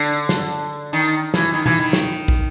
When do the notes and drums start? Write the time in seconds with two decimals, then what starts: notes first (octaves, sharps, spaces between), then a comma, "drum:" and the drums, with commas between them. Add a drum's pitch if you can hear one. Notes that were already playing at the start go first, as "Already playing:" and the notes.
Already playing: D3
0.29 drum: snare
0.93 D#3
1.34 E3, drum: snare
1.53 D#3
1.66 E3, drum: tom B2
1.78 D#3
1.93 drum: snare
2.28 drum: kick